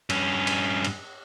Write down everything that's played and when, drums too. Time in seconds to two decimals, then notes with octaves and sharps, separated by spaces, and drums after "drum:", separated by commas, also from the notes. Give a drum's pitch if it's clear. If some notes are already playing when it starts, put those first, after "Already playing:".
0.10 G2 C#4, drum: cymbal
0.47 drum: cymbal
0.85 drum: cymbal